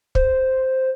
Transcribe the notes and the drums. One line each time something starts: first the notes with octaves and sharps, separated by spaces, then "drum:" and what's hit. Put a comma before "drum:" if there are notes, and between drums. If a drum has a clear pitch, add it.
C5, drum: kick